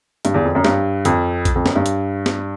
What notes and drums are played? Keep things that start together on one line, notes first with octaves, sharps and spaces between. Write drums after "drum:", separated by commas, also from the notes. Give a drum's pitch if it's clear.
G2, drum: hi-hat
E2
F2
F#2
G2, drum: snare
F2, drum: hi-hat
drum: kick A#1, hi-hat
F2
F#2, drum: snare
G2
drum: hi-hat
drum: snare